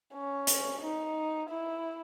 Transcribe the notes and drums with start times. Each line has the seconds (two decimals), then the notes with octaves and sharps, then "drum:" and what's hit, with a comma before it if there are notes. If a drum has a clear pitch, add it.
0.14 C#4
0.47 drum: hi-hat
0.82 D#4
1.49 E4